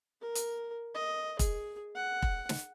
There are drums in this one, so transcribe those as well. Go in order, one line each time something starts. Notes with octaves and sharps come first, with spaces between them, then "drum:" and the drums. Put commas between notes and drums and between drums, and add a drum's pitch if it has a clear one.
A#4
drum: hi-hat
D#5
G#4, drum: kick, hi-hat
F#5
drum: kick
drum: snare